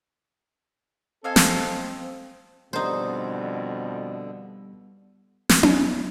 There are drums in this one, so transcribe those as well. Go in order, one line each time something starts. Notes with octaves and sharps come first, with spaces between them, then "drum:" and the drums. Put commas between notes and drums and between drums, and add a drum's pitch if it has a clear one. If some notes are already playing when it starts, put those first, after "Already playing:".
C4 A4 D#5 F5 G#5
drum: snare
F2 B2 D3 G3 B3 D#4 C5
drum: snare
B3, drum: tom C#4